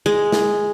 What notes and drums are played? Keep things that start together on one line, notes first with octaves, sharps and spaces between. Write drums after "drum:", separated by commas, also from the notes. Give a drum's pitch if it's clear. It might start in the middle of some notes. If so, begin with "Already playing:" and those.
G#3
drum: snare